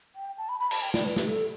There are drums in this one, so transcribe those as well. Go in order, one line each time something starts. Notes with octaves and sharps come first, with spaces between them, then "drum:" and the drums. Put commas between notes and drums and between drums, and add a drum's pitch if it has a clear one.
G5
A5
B5
B5
A5, drum: cymbal
G5
D5, drum: snare
B4
G4, drum: snare
A4